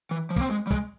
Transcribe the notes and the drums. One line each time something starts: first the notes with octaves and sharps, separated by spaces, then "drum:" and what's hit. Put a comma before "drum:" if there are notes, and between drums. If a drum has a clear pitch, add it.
E3
F3
A#3, drum: kick
C4
G#3
G3
G#3, drum: kick